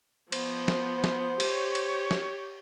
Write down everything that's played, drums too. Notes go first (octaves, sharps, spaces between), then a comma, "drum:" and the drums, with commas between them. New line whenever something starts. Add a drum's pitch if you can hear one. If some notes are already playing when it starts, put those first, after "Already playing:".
F3 B3 C5, drum: cymbal
drum: snare
drum: snare
G4 C#5, drum: cymbal
drum: cymbal
drum: snare